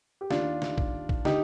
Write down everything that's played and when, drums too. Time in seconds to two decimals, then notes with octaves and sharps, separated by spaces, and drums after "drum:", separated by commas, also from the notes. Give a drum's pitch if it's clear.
0.21 G4
0.30 D#2 D#3 D4 F4, drum: snare
0.62 drum: snare
0.78 drum: kick A1
1.09 drum: kick A1
1.25 D3 D#4 G4, drum: snare